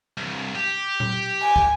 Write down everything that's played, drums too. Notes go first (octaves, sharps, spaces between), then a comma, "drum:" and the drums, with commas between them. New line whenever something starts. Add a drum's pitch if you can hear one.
C2 G2
G4
drum: tom A#2
G#5
drum: kick